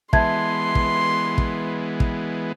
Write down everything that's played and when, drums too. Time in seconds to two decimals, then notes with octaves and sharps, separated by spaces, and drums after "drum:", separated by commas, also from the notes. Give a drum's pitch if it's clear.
0.13 E3 G#3 B3 E5 A5 C6 G#6, drum: kick
0.75 drum: kick
1.38 drum: kick
2.00 drum: kick